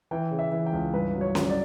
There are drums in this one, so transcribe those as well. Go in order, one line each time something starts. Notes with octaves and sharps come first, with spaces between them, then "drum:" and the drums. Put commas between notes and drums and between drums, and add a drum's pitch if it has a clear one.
E3 G5
C#3
E5
E3
G5
C#2
G2 B4
F#3
C#5
F#3, drum: snare C#4
D5